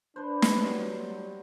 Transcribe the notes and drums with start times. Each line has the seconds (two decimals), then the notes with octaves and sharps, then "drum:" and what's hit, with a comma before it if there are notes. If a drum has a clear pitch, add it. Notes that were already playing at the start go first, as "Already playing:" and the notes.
0.16 D4 B4 C5
0.42 drum: snare
0.64 F#3 G3